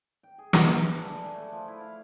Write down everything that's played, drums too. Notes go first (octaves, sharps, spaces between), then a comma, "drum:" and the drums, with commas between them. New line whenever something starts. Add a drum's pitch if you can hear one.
G5
G#4
B4, drum: snare
F5
D4
A3
G#5
A3
F3
E4
F5